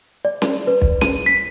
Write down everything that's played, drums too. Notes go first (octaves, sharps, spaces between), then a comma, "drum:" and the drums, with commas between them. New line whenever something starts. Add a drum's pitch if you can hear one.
D5
drum: snare
B4
drum: kick
D#7, drum: snare
B6